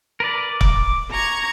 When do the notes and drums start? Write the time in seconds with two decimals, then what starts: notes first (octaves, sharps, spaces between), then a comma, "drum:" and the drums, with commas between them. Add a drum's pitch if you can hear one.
0.20 A#4 B4 D5
0.61 D6, drum: kick
1.10 A#5 C#6 G#6